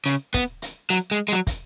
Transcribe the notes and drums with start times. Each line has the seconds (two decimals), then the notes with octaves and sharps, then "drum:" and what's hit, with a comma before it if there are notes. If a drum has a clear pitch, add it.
0.06 C#3, drum: hi-hat
0.34 B3, drum: kick, hi-hat
0.62 drum: hi-hat
0.90 F#3, drum: hi-hat
1.11 G#3
1.28 G#3
1.32 F#3
1.47 drum: kick, hi-hat